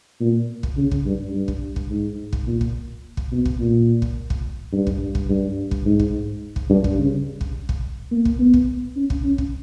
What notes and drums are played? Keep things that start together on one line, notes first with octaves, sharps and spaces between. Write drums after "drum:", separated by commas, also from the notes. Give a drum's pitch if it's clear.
A#2
drum: kick
C#3
drum: kick
G2
G2
drum: kick
drum: kick
G#2
drum: kick
A#2
drum: kick
drum: kick
B2
drum: kick
A#2
drum: kick
drum: kick
G2
drum: kick
drum: kick
G2
drum: kick
G#2
drum: kick
drum: kick
G2
drum: kick
C#3
drum: kick
drum: kick
A#3
drum: kick
B3
drum: kick
C#4
drum: kick
C#4
drum: kick